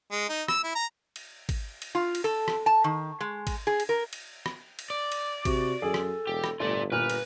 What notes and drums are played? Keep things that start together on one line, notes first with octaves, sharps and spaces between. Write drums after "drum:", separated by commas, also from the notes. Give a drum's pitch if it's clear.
G#3
D#4
E6, drum: rim click
E4
A#5
drum: cymbal
drum: kick, cymbal
drum: cymbal
F4
drum: cymbal
A4
drum: rim click
A5
D#3
G#3
drum: kick, cymbal
G#4
drum: cymbal
A#4
drum: cymbal
drum: rim click
drum: cymbal
D5
drum: cymbal
C3 F#4, drum: kick, cymbal
F#2 G#4 A4
drum: rim click
E1 G4
drum: rim click
G1 A3 F4 D5
A#2 B4 F6
drum: cymbal